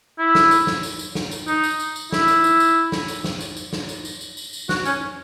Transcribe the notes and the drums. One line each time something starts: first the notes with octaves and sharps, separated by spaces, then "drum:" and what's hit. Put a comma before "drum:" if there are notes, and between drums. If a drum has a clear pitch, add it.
E4
drum: snare
drum: tambourine
drum: snare
drum: tambourine
drum: tambourine
drum: snare
drum: tambourine
D#4, drum: tambourine
drum: tambourine
drum: tambourine
drum: tambourine
E4, drum: snare
drum: tambourine
drum: tambourine
drum: tambourine
drum: snare
drum: tambourine
drum: snare
drum: tambourine
drum: tambourine
drum: snare
drum: tambourine
drum: tambourine
drum: tambourine
drum: tambourine
drum: tambourine
F#4, drum: snare
C#4, drum: tambourine